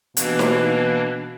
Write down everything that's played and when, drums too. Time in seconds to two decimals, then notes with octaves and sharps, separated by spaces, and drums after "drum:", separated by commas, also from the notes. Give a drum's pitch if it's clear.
0.17 B2 E3 A#3 D4, drum: hi-hat
0.39 drum: snare